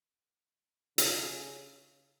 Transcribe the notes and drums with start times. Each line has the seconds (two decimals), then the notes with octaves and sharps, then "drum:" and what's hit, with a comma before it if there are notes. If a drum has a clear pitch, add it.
0.98 C#3, drum: hi-hat